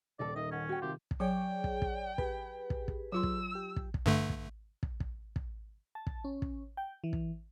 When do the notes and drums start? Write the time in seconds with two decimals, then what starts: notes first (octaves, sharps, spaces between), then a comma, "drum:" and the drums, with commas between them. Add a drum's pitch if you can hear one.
0.19 D#1 A4 D5 D#5
0.36 D#3 D#5 E5
0.51 C#4 D#5 F#5
0.69 F#4 G5
0.82 C3 D#3 F4 G4
1.11 drum: kick
1.20 F#3 G#4 C#5 D5 G5
1.64 drum: kick
1.82 drum: kick
2.18 G4 G#4 B4, drum: kick
2.70 drum: kick
2.88 drum: kick
3.12 F#3 F4 C6 E6
3.23 drum: kick
3.55 G4
3.76 drum: kick
3.94 drum: kick
4.06 G2 D3 A3
4.30 drum: kick
4.83 drum: kick
5.00 drum: kick
5.36 drum: kick
5.95 A5
6.07 drum: kick
6.24 C#4
6.42 drum: kick
6.77 G5
7.04 E3
7.13 drum: kick